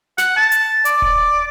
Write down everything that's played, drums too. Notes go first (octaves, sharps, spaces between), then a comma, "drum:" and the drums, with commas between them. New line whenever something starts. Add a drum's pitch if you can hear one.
F#5, drum: snare
A5
drum: hi-hat
D5, drum: hi-hat
drum: kick D#1